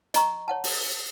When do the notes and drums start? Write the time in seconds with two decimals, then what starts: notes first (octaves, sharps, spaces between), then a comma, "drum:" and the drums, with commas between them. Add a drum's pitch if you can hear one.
0.14 D#5 A#5 C#6, drum: hi-hat
0.48 C#5 F#5 A5
0.64 drum: open hi-hat